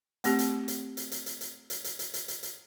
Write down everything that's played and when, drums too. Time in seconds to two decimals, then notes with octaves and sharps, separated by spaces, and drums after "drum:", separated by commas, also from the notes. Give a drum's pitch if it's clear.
0.24 A3 C4 G4, drum: hi-hat
0.39 drum: hi-hat
0.68 drum: hi-hat
0.97 drum: hi-hat
1.12 drum: hi-hat
1.26 drum: hi-hat
1.41 drum: hi-hat
1.70 drum: hi-hat
1.84 drum: hi-hat
1.99 drum: hi-hat
2.14 drum: hi-hat
2.28 drum: hi-hat
2.43 drum: hi-hat